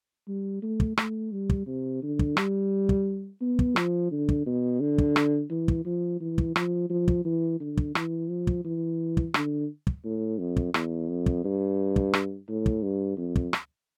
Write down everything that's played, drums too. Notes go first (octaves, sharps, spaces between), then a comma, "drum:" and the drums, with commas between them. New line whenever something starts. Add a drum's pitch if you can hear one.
G3
A3
drum: kick
A3, drum: rim click
G3
drum: kick
C3
D3
drum: kick
G3, drum: rim click
drum: kick
B3
drum: kick
F3, drum: rim click
D3
drum: kick
B2
D3
drum: kick
drum: rim click
E3
drum: kick
F3
E3
drum: kick
F3, drum: rim click
F3
drum: kick
E3
D3
drum: kick
E3, drum: rim click
F3
drum: kick
E3
drum: kick
D3, drum: rim click
drum: kick
A2
F2
drum: kick
E2, drum: rim click
F2
drum: kick
G2
drum: kick
drum: rim click
A2
drum: kick
G2
F2
drum: kick
drum: rim click